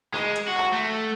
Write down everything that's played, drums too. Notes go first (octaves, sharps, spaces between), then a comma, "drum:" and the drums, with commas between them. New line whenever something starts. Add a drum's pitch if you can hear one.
G#3, drum: clap
drum: hi-hat
F#4
drum: clap
A3